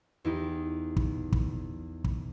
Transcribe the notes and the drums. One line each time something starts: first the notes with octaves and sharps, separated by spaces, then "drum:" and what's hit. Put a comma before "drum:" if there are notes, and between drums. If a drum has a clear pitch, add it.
E2 D#4 E4 G4
drum: kick
drum: kick
drum: kick